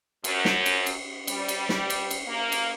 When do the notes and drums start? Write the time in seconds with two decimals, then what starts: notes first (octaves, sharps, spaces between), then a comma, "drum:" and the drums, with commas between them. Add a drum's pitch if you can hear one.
0.24 F#2, drum: cymbal
0.45 drum: snare
0.66 drum: cymbal
0.86 drum: cymbal
1.27 G3, drum: cymbal
1.48 drum: cymbal
1.69 drum: snare
1.90 drum: cymbal
2.11 drum: cymbal
2.27 A#3
2.52 drum: cymbal